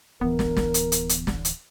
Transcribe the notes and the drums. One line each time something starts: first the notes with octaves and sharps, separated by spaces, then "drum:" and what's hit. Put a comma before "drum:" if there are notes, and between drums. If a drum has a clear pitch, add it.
D1 E3 B3 A#4
drum: snare
drum: snare
drum: hi-hat
drum: hi-hat
drum: hi-hat
drum: snare
drum: hi-hat